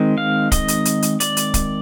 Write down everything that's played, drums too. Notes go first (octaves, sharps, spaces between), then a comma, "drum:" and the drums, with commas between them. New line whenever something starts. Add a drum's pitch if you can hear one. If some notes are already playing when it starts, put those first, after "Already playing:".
Already playing: D#3 G#3 C4
F5
D#5, drum: kick, hi-hat
drum: hi-hat
drum: hi-hat
drum: hi-hat
D5, drum: hi-hat
drum: hi-hat
drum: kick, hi-hat